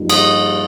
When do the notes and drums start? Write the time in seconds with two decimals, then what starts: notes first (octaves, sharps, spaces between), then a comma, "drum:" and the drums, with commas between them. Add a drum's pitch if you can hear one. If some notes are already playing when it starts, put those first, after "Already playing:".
Already playing: G2 F3 A#3 D#4
0.09 D#5, drum: cymbal